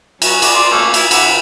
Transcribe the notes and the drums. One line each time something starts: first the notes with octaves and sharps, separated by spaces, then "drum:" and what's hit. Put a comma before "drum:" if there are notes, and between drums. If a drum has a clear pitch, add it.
F#3 C#4, drum: cymbal
F#4 G#4 D5, drum: cymbal
D5 C6
A3 A#3 C#4
E4, drum: cymbal
D3 E4 F#5, drum: cymbal